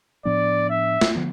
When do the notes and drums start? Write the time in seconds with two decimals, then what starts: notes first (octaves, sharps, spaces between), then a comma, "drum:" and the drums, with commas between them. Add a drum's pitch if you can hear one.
0.25 A2 F3 B3 D4 D5
0.69 E5
1.01 drum: snare
1.15 D3 F3 B3